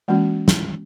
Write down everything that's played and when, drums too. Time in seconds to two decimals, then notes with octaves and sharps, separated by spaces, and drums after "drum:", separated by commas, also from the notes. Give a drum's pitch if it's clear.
0.08 E3 G#3 A#3 C#4 F#4
0.48 drum: snare